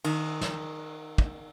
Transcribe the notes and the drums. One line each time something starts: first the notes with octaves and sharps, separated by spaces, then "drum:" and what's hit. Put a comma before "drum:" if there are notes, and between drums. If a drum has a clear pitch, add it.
D#3, drum: cymbal
drum: snare
drum: kick